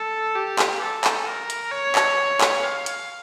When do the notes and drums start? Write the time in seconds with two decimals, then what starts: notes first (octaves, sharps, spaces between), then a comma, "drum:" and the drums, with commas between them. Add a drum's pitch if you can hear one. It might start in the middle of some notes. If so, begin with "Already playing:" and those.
Already playing: A4
0.36 G4
0.59 drum: clap
0.82 A4
1.04 drum: clap
1.27 A#4
1.50 drum: hi-hat
1.72 C#5
1.95 drum: clap
2.41 drum: clap
2.63 F5
2.86 drum: hi-hat